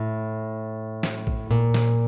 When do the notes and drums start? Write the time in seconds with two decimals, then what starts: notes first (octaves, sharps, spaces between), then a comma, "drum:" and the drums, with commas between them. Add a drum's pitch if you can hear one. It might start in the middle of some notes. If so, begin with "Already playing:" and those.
Already playing: A2
1.03 drum: snare
1.27 drum: kick
1.51 A#2
1.74 drum: snare